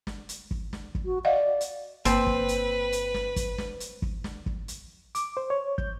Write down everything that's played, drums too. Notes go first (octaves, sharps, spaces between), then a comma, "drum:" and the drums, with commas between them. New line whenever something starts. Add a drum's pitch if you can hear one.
drum: snare
drum: hi-hat
drum: kick
drum: snare
drum: kick
F#4
D5 D#5 F5 F#5
drum: hi-hat
G1 A#3 C4 B4, drum: hi-hat
drum: kick
drum: hi-hat
drum: hi-hat
drum: snare
drum: kick, hi-hat
drum: snare
drum: hi-hat
drum: kick
drum: snare
drum: kick
drum: hi-hat
D6, drum: hi-hat
C5
C#5
G6, drum: kick